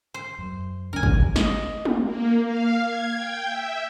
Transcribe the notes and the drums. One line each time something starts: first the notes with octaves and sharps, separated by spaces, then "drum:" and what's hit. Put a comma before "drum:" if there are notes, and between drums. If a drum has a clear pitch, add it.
C5
F#2
D2 C#4 D4 A#4 G#5
drum: kick
D#5, drum: snare
drum: tom
A#3
F5
G#6
G5
E5